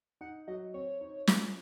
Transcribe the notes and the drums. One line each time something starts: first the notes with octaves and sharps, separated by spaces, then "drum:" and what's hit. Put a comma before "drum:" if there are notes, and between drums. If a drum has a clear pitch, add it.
D#4 F#5
F#3 D#5
C4 C#5
D#4
F3, drum: snare